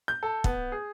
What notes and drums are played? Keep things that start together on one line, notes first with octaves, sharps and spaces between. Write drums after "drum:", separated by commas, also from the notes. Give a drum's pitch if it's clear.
G6
A4
B3, drum: kick
G#4